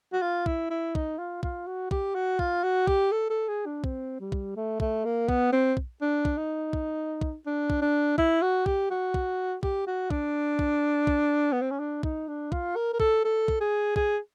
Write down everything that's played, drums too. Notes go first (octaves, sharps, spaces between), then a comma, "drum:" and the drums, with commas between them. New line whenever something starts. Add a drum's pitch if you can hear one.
F#4
F4
E4, drum: kick
E4
D#4, drum: kick
F4
F4, drum: kick
F#4
G4, drum: kick
F#4
F4, drum: kick
F#4
G4, drum: kick
A4
A4
G#4
D4
C4, drum: kick
G3
drum: kick
A3
A3, drum: kick
A#3
B3, drum: kick
C4
drum: kick
D4
drum: kick
D#4
drum: kick
drum: kick
D4
drum: kick
D4
E4, drum: kick
F#4
G4, drum: kick
F#4
drum: kick
G4, drum: kick
F#4
D4, drum: kick
drum: kick
drum: kick
B3
C4
C#4
D4
D#4, drum: kick
D4
F4, drum: kick
A#4
A#4
A4, drum: kick
A4
drum: kick
G#4
G#4, drum: kick